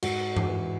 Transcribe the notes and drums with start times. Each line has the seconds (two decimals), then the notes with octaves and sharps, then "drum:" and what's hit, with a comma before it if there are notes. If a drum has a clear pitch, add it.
0.03 G#2 F#4, drum: cymbal
0.37 drum: tom G2
0.49 E3